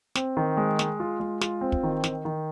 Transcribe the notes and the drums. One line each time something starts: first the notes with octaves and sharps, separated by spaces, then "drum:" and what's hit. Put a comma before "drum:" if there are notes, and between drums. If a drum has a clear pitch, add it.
C4, drum: snare
D#3
G#3
G#3, drum: snare
F4
G#3
F4, drum: snare
C4
drum: kick
D#3
D#3, drum: snare
D#3